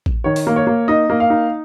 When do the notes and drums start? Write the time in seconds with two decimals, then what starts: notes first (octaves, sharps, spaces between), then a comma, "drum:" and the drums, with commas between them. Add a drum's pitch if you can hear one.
0.06 drum: kick A1
0.24 D#3 C#5
0.36 drum: open hi-hat
0.47 A#3
0.56 C#5
0.67 A#3
0.88 D#4 D#5
1.10 A#3
1.20 F5
1.30 D#4